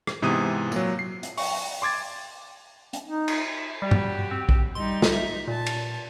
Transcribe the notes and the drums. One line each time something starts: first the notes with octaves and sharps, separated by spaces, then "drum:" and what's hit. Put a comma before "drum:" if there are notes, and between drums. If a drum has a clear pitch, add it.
drum: rim click
G#2 C3 E3 B3 D#6 D#7
A#2 F#3, drum: tambourine
C7
drum: hi-hat
C#6, drum: open hi-hat
C6 D6 G#6 A6
drum: hi-hat
D#4
drum: cymbal
G3 F#4 G4
drum: tom G2
C4
drum: kick B1
G3 D#4 C6
drum: snare
E5
A#2 A5
drum: cymbal